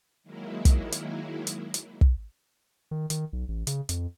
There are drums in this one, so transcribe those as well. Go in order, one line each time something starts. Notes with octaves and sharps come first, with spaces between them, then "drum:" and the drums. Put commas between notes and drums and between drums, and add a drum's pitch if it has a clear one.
D#3 F#3 G#3 A#3 E4
drum: kick, hi-hat
drum: hi-hat
drum: hi-hat
drum: hi-hat
drum: kick
D#3
D#3, drum: hi-hat
B1
A1
C#3, drum: hi-hat
F2, drum: hi-hat